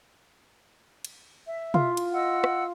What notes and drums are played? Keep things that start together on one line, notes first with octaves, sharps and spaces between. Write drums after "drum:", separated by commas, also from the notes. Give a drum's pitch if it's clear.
drum: cymbal
E5
F4, drum: tom
drum: cymbal
D#5 F#5 E6
drum: rim click